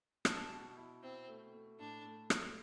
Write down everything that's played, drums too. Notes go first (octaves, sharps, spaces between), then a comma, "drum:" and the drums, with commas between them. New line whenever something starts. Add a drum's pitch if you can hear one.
B2 D4, drum: rim click
B2
E4
C4 E4
A3
A3
A2 D4
A3
A3, drum: rim click